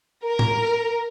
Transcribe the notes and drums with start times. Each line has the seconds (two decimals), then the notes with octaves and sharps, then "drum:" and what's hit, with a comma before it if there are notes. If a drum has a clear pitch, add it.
0.24 A#4
0.39 drum: tom A2